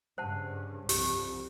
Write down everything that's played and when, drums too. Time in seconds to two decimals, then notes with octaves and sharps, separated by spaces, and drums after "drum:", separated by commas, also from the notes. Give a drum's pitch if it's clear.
0.18 G2 C#3 C5 F#5 A5
0.89 C2 F2 G4, drum: open hi-hat